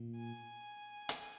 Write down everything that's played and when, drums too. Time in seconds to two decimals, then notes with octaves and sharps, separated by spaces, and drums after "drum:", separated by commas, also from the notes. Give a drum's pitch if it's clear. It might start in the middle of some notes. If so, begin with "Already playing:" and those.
Already playing: A#2
0.17 G#5
1.09 drum: hi-hat